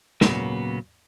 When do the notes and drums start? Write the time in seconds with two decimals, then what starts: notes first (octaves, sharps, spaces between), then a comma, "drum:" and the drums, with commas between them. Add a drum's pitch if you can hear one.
0.21 A#2 C#3 F#3 A#3 B3, drum: snare